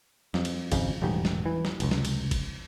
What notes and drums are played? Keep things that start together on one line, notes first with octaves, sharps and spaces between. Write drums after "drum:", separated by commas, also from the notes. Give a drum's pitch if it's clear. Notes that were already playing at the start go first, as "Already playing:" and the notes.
F2, drum: snare
drum: cymbal
G#1 F2 C#3, drum: kick G#1, cymbal
E1 A1 G#2 G3
drum: snare
E3
drum: snare
F1 C#2, drum: cymbal
drum: snare
drum: cymbal
drum: kick G#1, cymbal